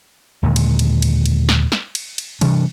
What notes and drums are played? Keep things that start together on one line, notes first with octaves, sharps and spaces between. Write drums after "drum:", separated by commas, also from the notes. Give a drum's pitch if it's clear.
D#2 A#2 D3 G#3
drum: cymbal
drum: cymbal
drum: cymbal
drum: cymbal
drum: snare
drum: snare
drum: cymbal
drum: cymbal
C3 E3 G3 D4, drum: cymbal